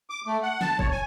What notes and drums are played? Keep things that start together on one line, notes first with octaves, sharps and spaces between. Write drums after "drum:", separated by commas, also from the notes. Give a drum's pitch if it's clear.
D6
A3
F#5
A5, drum: snare
C#5, drum: kick
G#5